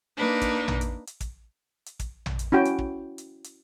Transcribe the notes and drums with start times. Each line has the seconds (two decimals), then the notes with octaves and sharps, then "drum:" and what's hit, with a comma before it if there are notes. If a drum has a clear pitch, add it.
0.17 A#3 D4 D#4 B4
0.41 drum: kick, hi-hat
0.68 drum: tom
0.81 drum: hi-hat
1.07 drum: hi-hat
1.21 drum: kick, hi-hat
1.86 drum: hi-hat
2.00 drum: kick, hi-hat
2.26 drum: tom
2.39 drum: hi-hat
2.52 C#4 E4 F#4 G5
2.65 drum: hi-hat
2.79 drum: kick
3.18 drum: hi-hat
3.44 drum: hi-hat